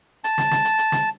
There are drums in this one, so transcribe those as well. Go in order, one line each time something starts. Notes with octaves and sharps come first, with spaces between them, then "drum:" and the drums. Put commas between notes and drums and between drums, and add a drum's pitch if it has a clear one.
A5, drum: hi-hat
drum: snare
drum: snare
drum: hi-hat
drum: hi-hat
drum: snare